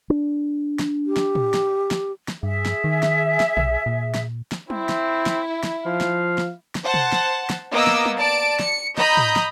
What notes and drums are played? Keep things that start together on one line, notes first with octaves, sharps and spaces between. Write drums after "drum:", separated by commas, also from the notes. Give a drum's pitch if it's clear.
D4
drum: snare
G4
drum: snare
drum: tom
drum: snare
drum: snare
drum: snare
G2 G#4 E5
drum: snare
D#3
drum: snare
drum: snare
B1, drum: tom
A#2
drum: snare
drum: snare
C4 E4, drum: tom
drum: snare
drum: snare
drum: snare
F3 F5
drum: snare
drum: snare
drum: snare
C5 F#5 A5
drum: tom
drum: snare
drum: snare
A#3 B3 D#5 D6 E6
drum: snare
drum: tom
D5 A5 D7
C#7, drum: snare
D#5 A#5 B5 D#6 G6, drum: snare
drum: tom
drum: snare